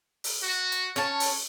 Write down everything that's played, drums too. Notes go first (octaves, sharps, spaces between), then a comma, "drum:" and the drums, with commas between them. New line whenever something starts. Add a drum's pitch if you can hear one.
drum: open hi-hat
F#4
drum: hi-hat
C#4 C#5 A5, drum: hi-hat
drum: open hi-hat